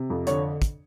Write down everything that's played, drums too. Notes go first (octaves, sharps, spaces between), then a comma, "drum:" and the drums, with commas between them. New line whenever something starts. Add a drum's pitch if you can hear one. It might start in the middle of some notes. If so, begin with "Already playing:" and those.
Already playing: C3
F2
D3 C#5, drum: hi-hat
drum: kick, hi-hat